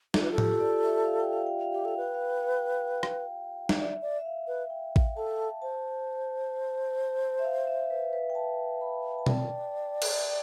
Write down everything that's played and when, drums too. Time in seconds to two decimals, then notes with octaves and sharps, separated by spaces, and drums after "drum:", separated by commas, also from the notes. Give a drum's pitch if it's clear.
0.14 F4 A4, drum: snare
0.23 B4
0.32 A4
0.38 G4, drum: tom A2
0.60 D5
0.73 D5
0.84 E5
1.05 F5
1.20 G5
1.33 F5
1.46 G5
1.61 F5
1.72 G4 G5
1.85 A4 F5
1.97 B4 G5
2.15 F5
2.29 G5
2.43 F5
2.56 G5
2.70 F5
3.03 drum: rim click
3.69 drum: snare
3.79 D5 E5
4.02 D5
4.19 E5
4.25 F5
4.47 B4
4.70 G5
4.96 drum: kick A1
5.17 A4 A5
5.62 C5 A5
7.39 E5
7.45 F5
7.67 E5
7.90 B4
8.13 B4
8.30 G5
8.35 A5
8.81 B5
9.19 A5
9.26 D5 G5, drum: tom B2
10.02 drum: cymbal